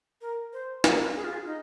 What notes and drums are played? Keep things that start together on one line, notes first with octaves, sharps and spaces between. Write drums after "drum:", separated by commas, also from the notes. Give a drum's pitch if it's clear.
A#4
C5
A#4, drum: snare
G#4
F4
G#4
D#4